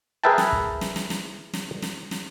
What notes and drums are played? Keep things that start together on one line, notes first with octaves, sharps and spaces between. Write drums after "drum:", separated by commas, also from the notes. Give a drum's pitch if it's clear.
G#4 A#4 B4 E5 G5 A5
drum: snare
drum: kick
drum: snare
drum: snare
drum: snare
drum: snare
drum: snare
drum: snare